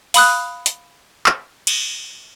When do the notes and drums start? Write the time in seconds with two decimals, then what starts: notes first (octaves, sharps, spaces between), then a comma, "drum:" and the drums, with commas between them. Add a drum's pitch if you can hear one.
0.14 F5 B5 D#6 F#6, drum: open hi-hat
0.66 drum: hi-hat
1.26 drum: clap
1.67 drum: cymbal